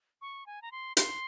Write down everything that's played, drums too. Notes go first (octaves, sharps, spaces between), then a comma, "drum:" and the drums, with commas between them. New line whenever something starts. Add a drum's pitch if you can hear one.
C#6
G#5
A#5
C6
C6, drum: hi-hat